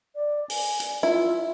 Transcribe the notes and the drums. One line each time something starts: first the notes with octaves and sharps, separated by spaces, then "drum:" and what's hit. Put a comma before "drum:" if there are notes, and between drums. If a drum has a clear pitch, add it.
D5
G#5, drum: open hi-hat
drum: hi-hat
E4 F4